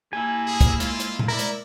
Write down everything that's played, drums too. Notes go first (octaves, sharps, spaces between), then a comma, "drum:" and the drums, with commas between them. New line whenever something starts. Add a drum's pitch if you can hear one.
A#3 E4 G4 G#5 A5
G#4
drum: kick, hi-hat
G#3 F4, drum: hi-hat
drum: hi-hat
drum: tom A#2
E4 A#4 D5
drum: hi-hat